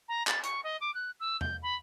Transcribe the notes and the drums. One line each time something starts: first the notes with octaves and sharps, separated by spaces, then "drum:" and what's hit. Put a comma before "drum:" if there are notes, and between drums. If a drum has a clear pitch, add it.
A#5
A6, drum: clap
C#6, drum: hi-hat
D#5
D6
F#6
E6
G6, drum: tom E2
B5